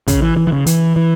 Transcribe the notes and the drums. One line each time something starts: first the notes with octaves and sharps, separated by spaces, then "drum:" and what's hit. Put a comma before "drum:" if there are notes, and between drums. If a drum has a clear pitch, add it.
C#3, drum: kick, hi-hat
E3
E3
E3
C#3
E3, drum: hi-hat
E3